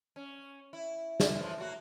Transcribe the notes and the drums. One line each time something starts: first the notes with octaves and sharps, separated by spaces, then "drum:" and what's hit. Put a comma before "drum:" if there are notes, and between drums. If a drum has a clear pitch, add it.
C#4
E4
drum: snare
A2 E3 F3
A2 A#3 F#4